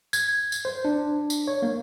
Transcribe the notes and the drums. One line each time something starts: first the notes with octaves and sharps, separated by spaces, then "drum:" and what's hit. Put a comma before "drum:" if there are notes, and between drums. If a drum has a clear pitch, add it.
G#6, drum: tambourine
drum: tambourine
C5
D4
drum: tambourine
C#5
A#3